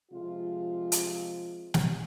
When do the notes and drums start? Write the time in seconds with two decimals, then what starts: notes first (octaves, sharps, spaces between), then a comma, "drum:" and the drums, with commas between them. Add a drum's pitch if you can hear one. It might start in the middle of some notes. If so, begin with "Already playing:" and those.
0.11 C3 F3 G#3 F4
0.92 drum: hi-hat
1.74 drum: snare